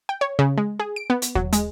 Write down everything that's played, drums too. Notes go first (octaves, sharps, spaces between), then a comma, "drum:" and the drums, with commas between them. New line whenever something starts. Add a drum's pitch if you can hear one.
G5
C#5
C#3
G#3
G#4
D7
B3
drum: hi-hat
F#3, drum: kick D#2
G#3, drum: hi-hat